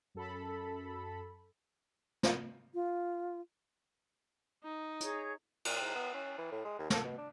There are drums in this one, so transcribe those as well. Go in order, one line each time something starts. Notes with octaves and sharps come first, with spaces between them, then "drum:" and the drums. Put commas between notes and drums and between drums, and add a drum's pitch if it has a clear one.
F#2 A4 B5
drum: snare
F4
D#4
G#4 C#5 A#5, drum: hi-hat
A#2, drum: cymbal
G#2
B3
C#4
E3
A2
G#3
D#2
A4, drum: snare
B2
D4